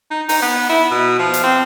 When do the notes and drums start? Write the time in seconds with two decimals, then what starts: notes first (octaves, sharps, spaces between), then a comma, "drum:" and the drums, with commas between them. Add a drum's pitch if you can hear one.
0.11 D#4
0.29 D#4, drum: open hi-hat
0.42 B3
0.69 E4
0.91 B2
1.19 F3
1.34 drum: hi-hat
1.43 C4